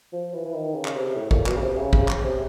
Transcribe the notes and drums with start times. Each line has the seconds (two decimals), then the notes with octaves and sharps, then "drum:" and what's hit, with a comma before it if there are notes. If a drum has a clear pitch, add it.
0.13 F3
0.34 E3
0.45 E3
0.54 D#3
0.75 C#3
0.85 drum: clap
0.95 C3
1.16 A2
1.31 A#2, drum: kick
1.46 B2, drum: clap
1.55 C#3
1.62 C3
1.77 C#3
1.93 C#3, drum: kick
2.08 drum: clap
2.24 C3